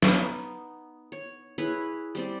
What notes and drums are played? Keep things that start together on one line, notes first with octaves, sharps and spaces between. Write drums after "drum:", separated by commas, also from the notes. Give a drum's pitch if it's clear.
B3 D#4, drum: snare
C#5
E4 G#4 B4 C#5
G3 C4 D5